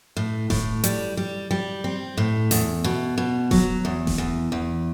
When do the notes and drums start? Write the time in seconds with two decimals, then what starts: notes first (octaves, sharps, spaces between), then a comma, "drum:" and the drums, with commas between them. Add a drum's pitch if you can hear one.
0.17 A2
0.50 A2, drum: snare D#1
0.84 G3, drum: hi-hat
1.17 G3
1.51 G3
1.84 C4
2.17 A2
2.51 E2, drum: open hi-hat
2.84 B2
3.18 B2
3.51 F#3, drum: snare D#1
3.85 E2
4.07 drum: snare D#1
4.18 E2
4.52 E2